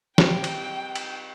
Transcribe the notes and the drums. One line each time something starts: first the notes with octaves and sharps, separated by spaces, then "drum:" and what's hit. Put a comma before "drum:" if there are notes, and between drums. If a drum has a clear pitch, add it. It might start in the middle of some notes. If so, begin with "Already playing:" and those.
C4 G4 G5, drum: snare
drum: cymbal
drum: cymbal